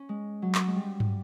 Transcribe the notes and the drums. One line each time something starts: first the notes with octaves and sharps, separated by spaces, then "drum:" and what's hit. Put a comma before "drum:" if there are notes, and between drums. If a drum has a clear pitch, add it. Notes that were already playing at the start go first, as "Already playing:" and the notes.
Already playing: C#4
G#3
F#3
drum: clap
G#3
G3
drum: tom G2